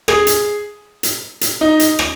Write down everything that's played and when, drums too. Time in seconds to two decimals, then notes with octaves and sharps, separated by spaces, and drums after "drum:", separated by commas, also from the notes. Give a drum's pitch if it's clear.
0.08 G#4, drum: rim click
0.27 drum: hi-hat
1.03 drum: hi-hat
1.41 drum: hi-hat
1.61 D#4
1.80 drum: hi-hat
1.99 drum: rim click